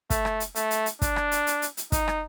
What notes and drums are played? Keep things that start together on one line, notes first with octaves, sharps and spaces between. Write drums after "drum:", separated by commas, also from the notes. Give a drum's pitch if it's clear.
A3, drum: kick, hi-hat
drum: rim click
drum: hi-hat
A3, drum: hi-hat
drum: hi-hat
drum: hi-hat
D4, drum: kick, hi-hat
drum: rim click
drum: hi-hat
drum: hi-hat
drum: hi-hat
drum: hi-hat
D#4, drum: kick, hi-hat
drum: rim click